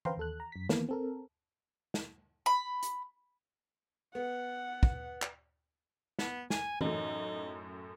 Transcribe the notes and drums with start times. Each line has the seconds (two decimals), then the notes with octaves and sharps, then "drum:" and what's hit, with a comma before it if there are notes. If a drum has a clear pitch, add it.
0.05 B4 C5 F5 G5 A#5 C6, drum: tom E3
0.17 D#2 A4 F#6
0.40 A#5
0.52 F#2 B6
0.69 D#3 E3 A#3 B3, drum: snare
0.89 C4 A4 A#4
1.94 drum: snare
2.46 B5
2.83 drum: hi-hat
4.15 B3 F#5
4.83 drum: kick
5.22 drum: clap
6.19 B3, drum: snare
6.50 G#5, drum: snare
6.81 F#2 A2 D#4, drum: tom E3